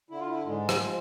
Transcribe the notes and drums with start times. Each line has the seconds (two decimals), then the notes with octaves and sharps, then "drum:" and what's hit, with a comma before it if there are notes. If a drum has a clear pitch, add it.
0.10 D3 E4
0.20 F4
0.29 E4
0.46 G#2 G#3
0.69 drum: rim click
0.81 F3